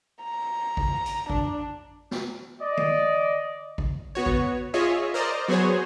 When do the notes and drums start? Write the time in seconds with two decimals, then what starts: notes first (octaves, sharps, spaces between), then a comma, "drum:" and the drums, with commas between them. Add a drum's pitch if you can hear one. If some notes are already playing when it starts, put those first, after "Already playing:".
0.24 A#5
0.77 drum: kick G#1
1.06 drum: hi-hat
1.30 D4, drum: kick G#1
2.11 drum: snare
2.62 D5 D#5
2.77 drum: tom D3
3.78 drum: kick G#1
4.15 B3 F#4 C#5
4.26 drum: kick G#1
4.74 F4 G#4 C#5 D#5 E5
5.14 A#4 C5 D5 D#5 A#5
5.48 F#3 B3 F#4 G#4 C5 C#5